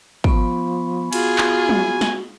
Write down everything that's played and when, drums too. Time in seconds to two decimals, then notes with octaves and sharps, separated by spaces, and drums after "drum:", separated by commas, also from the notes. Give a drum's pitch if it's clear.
0.24 F3 B3 B5 C#6, drum: kick
1.13 F4 F#4 G#4 G#5, drum: cymbal
1.38 drum: clap
1.69 drum: tom
2.01 drum: snare